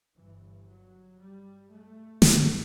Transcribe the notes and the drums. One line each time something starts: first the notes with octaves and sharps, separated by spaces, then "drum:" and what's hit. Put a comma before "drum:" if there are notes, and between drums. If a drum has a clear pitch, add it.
G1 G2 E3
F#3
G3
A3
G1 G2 B3, drum: snare